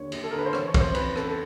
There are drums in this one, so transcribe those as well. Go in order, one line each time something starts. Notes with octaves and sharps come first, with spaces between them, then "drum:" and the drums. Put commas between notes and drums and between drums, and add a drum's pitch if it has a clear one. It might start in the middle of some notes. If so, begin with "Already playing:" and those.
Already playing: D#2 D3 C#5
D#2, drum: cymbal
A4
D3 A#4
B4
C5
E3 C#5, drum: rim click
C#5
F2, drum: kick, cymbal
C5
F2 B4, drum: cymbal
C#3 A4, drum: rim click
A4